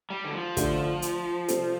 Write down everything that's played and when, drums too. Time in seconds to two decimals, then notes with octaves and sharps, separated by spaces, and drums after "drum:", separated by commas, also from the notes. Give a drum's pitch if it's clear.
0.10 G3
0.24 D3
0.33 F3
0.57 D3 A3 D4, drum: kick, hi-hat
1.02 drum: hi-hat
1.48 C3 G3 C4 A4, drum: hi-hat